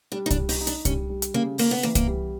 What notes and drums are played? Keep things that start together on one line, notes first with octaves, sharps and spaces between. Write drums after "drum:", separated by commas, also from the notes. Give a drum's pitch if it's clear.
G3 D4
D#4
D4, drum: kick C2, hi-hat
G3
D#4, drum: open hi-hat
D#4
D4, drum: hi-hat
G3 C#4, drum: kick C2, hi-hat
G3
drum: hi-hat
C#3 A#3
C#3 A#3, drum: open hi-hat
B3
E3 A#3
A#3, drum: kick C2, hi-hat
G3